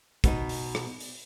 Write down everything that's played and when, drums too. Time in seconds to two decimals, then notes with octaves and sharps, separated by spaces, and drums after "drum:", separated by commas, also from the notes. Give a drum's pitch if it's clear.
0.24 B2 B3 D#4, drum: kick, hi-hat
0.49 drum: open hi-hat
0.75 drum: rim click
1.00 drum: open hi-hat